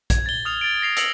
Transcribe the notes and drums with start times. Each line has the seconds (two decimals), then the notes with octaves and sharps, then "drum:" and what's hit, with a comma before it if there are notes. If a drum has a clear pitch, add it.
0.10 G#6, drum: kick A#1, hi-hat
0.26 A6 G7
0.45 D#6 F6 F7
0.61 A6 D7
0.82 A#6 C7 F7
0.97 E6 A#6 C#7 F7 F#7, drum: hi-hat